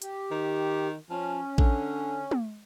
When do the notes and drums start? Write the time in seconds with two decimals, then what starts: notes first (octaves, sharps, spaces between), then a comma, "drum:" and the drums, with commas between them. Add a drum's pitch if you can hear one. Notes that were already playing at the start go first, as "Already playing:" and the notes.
0.02 G4, drum: hi-hat
0.31 D#3
1.10 F3 C#4
1.58 D3, drum: kick A#1
2.31 drum: tom